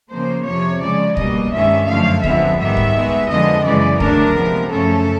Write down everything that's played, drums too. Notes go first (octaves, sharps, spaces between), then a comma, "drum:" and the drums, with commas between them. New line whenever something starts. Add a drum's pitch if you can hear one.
C#3 F3 A#3 C5
F2 C3 F3 C#5
C#3 F3 G#3 D5
B2 G3 A#3 D#5, drum: kick
G2 D#3 G#3 C#4 E5
F#2 D3 F3 A3 F5
F2 D3 F3 G#3 B3 E5, drum: kick
G#2 D#3 G3 B3 E5
drum: kick
B2 G#3 B3
F2 D3 F3 G#3 B3 D#5
F#2 C#3 E3 G#3 D5
D3 F#3 A3 D4 A#4, drum: kick
C3 F3 G#3 B3
F#2 C#3 F3 A3 C#4 A4